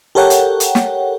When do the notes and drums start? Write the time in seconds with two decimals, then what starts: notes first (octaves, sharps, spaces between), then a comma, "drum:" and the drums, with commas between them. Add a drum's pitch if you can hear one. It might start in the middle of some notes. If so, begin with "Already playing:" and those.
0.15 G4 A4 A#4 C#5 F#5 G5
0.30 drum: hi-hat
0.60 drum: hi-hat
0.75 drum: snare